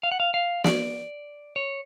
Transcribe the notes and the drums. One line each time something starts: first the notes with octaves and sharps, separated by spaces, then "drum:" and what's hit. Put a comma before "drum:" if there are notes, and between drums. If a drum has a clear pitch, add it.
F5
F#5
F5
F5
D5, drum: snare
C#5